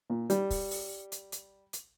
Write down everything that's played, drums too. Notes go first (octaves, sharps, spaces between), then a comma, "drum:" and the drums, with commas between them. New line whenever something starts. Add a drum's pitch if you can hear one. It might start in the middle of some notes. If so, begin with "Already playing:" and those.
A#2
G3, drum: hi-hat
drum: kick, open hi-hat
drum: open hi-hat
drum: hi-hat
drum: hi-hat
drum: hi-hat